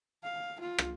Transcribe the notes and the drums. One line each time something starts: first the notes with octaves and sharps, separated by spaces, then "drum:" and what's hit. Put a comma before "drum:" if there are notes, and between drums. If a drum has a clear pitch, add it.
F5
F4
drum: rim click